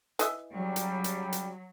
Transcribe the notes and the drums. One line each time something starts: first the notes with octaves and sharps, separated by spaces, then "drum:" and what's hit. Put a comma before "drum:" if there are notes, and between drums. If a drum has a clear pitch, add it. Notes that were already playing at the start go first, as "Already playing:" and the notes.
E3 D#5 E5, drum: hi-hat
C#3 F#3 G3
drum: hi-hat
drum: hi-hat
drum: hi-hat